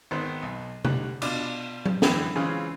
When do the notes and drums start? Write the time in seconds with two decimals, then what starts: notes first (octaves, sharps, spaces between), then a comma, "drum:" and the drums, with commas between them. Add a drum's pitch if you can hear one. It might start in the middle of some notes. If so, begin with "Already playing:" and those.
0.11 G#1 D#3 B3 C5
0.43 B1
0.85 D3 G3 F#6, drum: tom C3
1.22 B2 D4 F4 D6, drum: cymbal
1.86 drum: tom F#3
2.02 F#2 D3 E3 G#3 G5 B5, drum: snare
2.36 C#3 E3 G#3 C4 F4 G#4